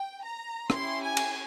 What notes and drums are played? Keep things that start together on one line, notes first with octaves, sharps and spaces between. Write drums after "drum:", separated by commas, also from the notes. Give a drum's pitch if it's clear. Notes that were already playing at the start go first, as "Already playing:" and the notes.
Already playing: G5
A#5
C#4 E4 G4 C6, drum: rim click
G#5
drum: cymbal